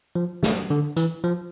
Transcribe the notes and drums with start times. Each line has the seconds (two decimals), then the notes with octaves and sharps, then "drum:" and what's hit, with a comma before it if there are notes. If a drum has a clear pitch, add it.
0.15 F3
0.43 A3, drum: snare
0.70 D3
0.97 E3, drum: hi-hat
1.24 F3